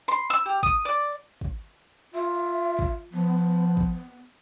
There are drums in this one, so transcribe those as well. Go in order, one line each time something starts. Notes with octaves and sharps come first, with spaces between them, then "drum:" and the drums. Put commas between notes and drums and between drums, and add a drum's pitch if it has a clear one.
C6
E6
G4
D#6, drum: kick
D5
drum: kick
F4 E5
drum: kick
F3 B3
drum: kick